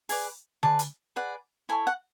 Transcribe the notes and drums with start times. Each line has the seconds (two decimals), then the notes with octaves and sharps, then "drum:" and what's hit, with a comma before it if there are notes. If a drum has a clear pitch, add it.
0.09 G#4 B4 D5 G#5, drum: open hi-hat
0.63 G#4 B4 D5 A5, drum: tom D3
0.79 drum: hi-hat
1.16 G#4 B4 D5 F#5
1.69 E4 A4 C#5 G#5
1.87 F#5